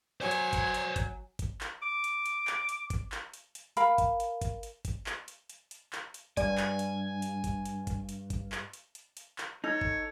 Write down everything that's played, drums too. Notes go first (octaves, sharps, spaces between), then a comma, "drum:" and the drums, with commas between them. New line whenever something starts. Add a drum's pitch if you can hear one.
F#3 C5 C#5 G#5
drum: hi-hat
drum: kick G1, hi-hat
drum: hi-hat
drum: kick G1, hi-hat
drum: kick G1, hi-hat
drum: clap
D6
drum: hi-hat
drum: hi-hat
drum: clap
drum: hi-hat
drum: kick G1, hi-hat
drum: clap
drum: hi-hat
drum: hi-hat
A#4 F5 B5, drum: hi-hat
drum: kick G1, hi-hat
drum: hi-hat
drum: kick G1, hi-hat
drum: hi-hat
drum: kick G1, hi-hat
drum: clap
drum: hi-hat
drum: hi-hat
drum: hi-hat
drum: clap
drum: hi-hat
G2 D5 G#5, drum: kick G1, hi-hat
drum: clap
drum: hi-hat
drum: hi-hat
drum: kick G1, hi-hat
drum: hi-hat
drum: kick G1, hi-hat
drum: hi-hat
drum: kick G1, hi-hat
drum: clap
drum: hi-hat
drum: hi-hat
drum: hi-hat
drum: clap
D#4 A4 C#5
drum: kick G1